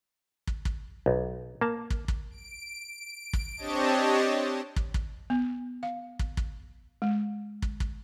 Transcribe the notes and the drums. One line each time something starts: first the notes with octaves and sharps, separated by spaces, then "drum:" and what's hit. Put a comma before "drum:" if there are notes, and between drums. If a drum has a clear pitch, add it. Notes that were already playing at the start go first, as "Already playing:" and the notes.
drum: kick
drum: kick
B1
A#3 A5
drum: kick
drum: kick
D7
drum: kick
C4 D4 G4 C#5 D#5 A5
drum: kick
drum: kick
B3
F5
drum: kick
drum: kick
G#3
drum: kick
drum: kick